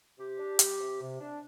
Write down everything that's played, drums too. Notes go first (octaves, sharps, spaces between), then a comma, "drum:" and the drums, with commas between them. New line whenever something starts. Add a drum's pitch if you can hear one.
C3 G4
D4
G3, drum: hi-hat
C3
C3
D4